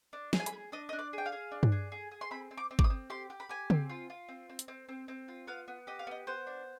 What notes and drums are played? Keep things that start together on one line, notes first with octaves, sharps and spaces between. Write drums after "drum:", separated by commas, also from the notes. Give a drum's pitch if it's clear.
D4
G#4, drum: snare
G#5
B5, drum: hi-hat
G#4
D4 D#5
D4 D#5
D5
G#4 G5
F5
G#4
D4
drum: tom G2
G#4
G#4
G#4
C6
C4 B5
C4
D6
C4
D6, drum: kick
D#6
C4
G4 C6
G4
B5
G4 G#5
C4, drum: tom C#3
F4
F4
C4
C4
drum: hi-hat
C4
C4
C4
F4
B3 F5
B3
G4 D#5
F5
B3 D#5
B3 C5
D4